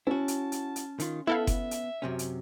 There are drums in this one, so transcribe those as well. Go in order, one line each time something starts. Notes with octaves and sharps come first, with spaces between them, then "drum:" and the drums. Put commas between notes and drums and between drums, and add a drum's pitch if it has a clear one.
C#4 E4 F#4 A5
drum: hi-hat
drum: hi-hat
drum: hi-hat
D#3 F4, drum: hi-hat
B3 E4 A4 E5 F5
drum: kick F#1, hi-hat
drum: hi-hat
F#2 C3 C#4
drum: hi-hat